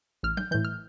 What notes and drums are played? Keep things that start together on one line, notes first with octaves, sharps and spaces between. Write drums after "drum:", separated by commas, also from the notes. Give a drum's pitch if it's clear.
A1 F6
G6, drum: tom F#3
A2 E3 G6
F6